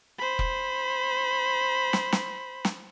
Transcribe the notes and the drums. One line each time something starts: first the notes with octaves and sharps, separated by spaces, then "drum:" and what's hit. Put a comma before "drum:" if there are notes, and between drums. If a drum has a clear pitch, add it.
C5 B5
drum: kick
drum: snare
drum: snare
drum: snare